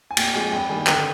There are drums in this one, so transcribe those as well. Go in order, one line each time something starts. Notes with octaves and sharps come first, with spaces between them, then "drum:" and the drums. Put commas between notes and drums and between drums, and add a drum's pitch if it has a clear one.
G#5
A#2 G5, drum: cymbal
F3 G#3 C4 G#5
G2 G5
D#3 G3 A#3 G#5
D3 G5, drum: clap